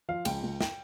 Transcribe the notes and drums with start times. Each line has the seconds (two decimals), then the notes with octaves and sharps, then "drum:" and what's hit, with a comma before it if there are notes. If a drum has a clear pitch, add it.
0.09 F3 F5
0.25 C#2 G5, drum: cymbal
0.43 C#2
0.61 G5, drum: snare